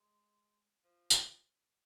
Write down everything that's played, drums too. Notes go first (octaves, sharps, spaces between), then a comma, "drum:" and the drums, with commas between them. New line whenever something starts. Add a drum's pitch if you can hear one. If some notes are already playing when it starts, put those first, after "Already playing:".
Already playing: G#3
F3
drum: tambourine